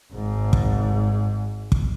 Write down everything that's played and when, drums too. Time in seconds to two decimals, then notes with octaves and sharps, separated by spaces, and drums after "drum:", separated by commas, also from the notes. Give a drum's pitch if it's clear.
0.13 G#1 G#2
0.53 drum: kick
1.72 drum: kick